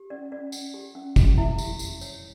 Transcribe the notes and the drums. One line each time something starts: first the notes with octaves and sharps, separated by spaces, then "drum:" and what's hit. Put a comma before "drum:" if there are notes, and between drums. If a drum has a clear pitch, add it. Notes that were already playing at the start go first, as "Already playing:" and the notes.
Already playing: G4
C#4 D5
C#4 D5
C#4, drum: tambourine
G4
C#4
C#4, drum: kick F#1, tambourine
E4 E5
G4, drum: tambourine
G4, drum: tambourine
C#5, drum: tambourine